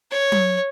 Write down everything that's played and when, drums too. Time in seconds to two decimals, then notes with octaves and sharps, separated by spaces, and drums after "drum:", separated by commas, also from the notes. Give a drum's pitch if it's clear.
0.11 C#5
0.32 drum: tom F#3